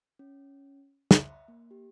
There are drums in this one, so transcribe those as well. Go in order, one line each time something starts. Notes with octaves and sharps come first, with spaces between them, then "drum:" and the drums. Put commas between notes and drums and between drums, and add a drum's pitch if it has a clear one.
C#4
E5, drum: snare
A#3
G4